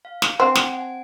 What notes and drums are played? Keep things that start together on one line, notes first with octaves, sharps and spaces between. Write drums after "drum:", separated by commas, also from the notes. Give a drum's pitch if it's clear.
F5
drum: snare
C4 F#5
G#5
F#5, drum: snare
G#5
F#5
G#5